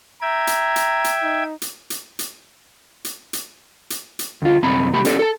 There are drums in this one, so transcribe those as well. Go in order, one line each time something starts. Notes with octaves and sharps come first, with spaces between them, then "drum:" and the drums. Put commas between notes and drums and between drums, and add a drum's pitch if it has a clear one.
E5 G5 A#5 G#6
drum: hi-hat
drum: hi-hat
drum: hi-hat
D#4
drum: hi-hat
drum: hi-hat
drum: hi-hat
drum: hi-hat
drum: hi-hat
drum: hi-hat
drum: hi-hat
D2 F4
C2 F#2 C4 A#5 B5
C2 A3 G4 B5
C#4 G4 A4 D5, drum: hi-hat
A4 A5